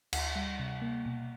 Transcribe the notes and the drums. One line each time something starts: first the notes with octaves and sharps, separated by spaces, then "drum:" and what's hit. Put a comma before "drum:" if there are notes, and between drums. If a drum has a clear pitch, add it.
D2, drum: cymbal
G3
C3
A#3
B2